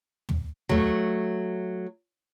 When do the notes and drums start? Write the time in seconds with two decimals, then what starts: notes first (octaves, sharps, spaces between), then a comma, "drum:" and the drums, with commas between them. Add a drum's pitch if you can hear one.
0.29 drum: tom
0.69 F#3 A3, drum: tom